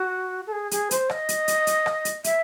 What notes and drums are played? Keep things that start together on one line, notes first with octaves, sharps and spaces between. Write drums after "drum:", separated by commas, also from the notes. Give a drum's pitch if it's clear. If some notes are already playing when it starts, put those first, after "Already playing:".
Already playing: F#4
A4
G#4
G#4, drum: hi-hat
C5, drum: hi-hat
D#5, drum: rim click
drum: hi-hat
drum: hi-hat
drum: hi-hat
drum: rim click
drum: hi-hat
E5, drum: hi-hat